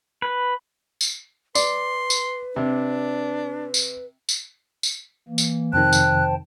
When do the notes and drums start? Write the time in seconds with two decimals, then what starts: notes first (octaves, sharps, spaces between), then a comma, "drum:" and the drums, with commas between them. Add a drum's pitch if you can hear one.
0.22 B4
1.01 drum: tambourine
1.55 B4 D5 C6, drum: tambourine
2.10 drum: tambourine
2.56 C3 D4
3.74 drum: tambourine
4.29 drum: tambourine
4.83 drum: tambourine
5.29 E3 A#3
5.38 drum: tambourine
5.73 F2 C3 D#3 C5 G5 A5 F#6
5.93 drum: tambourine